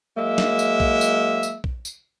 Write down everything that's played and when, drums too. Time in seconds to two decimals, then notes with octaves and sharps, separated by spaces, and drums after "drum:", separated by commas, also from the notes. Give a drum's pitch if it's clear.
0.17 F#3 G#3 A#3 E5
0.38 drum: snare
0.59 drum: tambourine
0.80 drum: kick A#1
1.01 drum: tambourine
1.43 drum: tambourine
1.64 drum: kick A#1
1.85 drum: tambourine